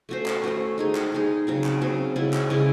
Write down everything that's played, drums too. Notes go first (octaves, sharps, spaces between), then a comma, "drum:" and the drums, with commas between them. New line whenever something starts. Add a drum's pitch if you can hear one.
A3 C#4 F#4 C5
drum: clap
A3 C#4 F#4 C5
G#3 D#4 G#4
drum: clap
G#3 D#4 G#4
C#3 F#3 C4
drum: clap
C#3 F#3 C4
C#3 G#3 C#4 E4
drum: clap
C#3 G#3 C#4 E4